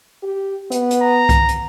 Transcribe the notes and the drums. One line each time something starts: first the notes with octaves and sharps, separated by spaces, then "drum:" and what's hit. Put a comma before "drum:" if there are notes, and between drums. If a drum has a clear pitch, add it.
G4
B3, drum: hi-hat
drum: hi-hat
A#5
drum: kick C2, hi-hat
drum: hi-hat